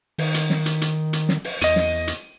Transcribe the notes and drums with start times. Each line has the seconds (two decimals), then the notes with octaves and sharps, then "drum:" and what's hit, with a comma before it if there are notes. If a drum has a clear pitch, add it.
0.18 D#3, drum: open hi-hat
0.34 drum: hi-hat
0.50 drum: snare
0.66 drum: hi-hat
0.81 drum: hi-hat
1.13 drum: hi-hat
1.29 drum: snare
1.44 drum: open hi-hat
1.62 E2 D#5 D#7, drum: hi-hat
1.76 drum: snare
2.07 drum: hi-hat